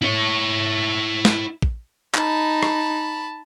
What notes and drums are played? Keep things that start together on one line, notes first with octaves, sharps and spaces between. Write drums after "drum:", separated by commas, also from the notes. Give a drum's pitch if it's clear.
E4 C#5
drum: snare
drum: kick
D#4 A5 B5, drum: clap
drum: rim click